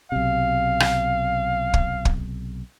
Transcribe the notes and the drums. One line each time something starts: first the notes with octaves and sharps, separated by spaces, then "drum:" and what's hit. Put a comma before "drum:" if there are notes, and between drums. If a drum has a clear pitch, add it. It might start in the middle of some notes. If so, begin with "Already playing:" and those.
B1 C3 F5
drum: rim click
drum: kick
drum: kick